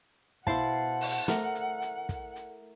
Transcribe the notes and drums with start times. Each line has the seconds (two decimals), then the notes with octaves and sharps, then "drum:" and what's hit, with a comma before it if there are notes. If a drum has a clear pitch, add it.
0.47 B2 E4 C5 F5 F#5 A5, drum: kick
1.01 drum: open hi-hat
1.28 A3 A#4, drum: snare
1.55 drum: hi-hat
1.82 drum: hi-hat
2.09 drum: kick, hi-hat
2.36 drum: hi-hat